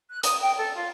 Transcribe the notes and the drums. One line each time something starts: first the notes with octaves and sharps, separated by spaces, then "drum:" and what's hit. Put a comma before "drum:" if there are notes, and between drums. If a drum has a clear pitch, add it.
F#6
D#6, drum: hi-hat
G5
A4
F4